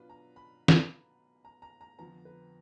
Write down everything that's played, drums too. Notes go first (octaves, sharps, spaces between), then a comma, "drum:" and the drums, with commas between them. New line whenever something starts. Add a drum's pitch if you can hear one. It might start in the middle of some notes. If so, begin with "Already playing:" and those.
Already playing: B2 F#3 D4 F4 B4
A#5
B5
drum: snare
A#5
A#5
A#5
F2 D3 F3 B3 A#5
B4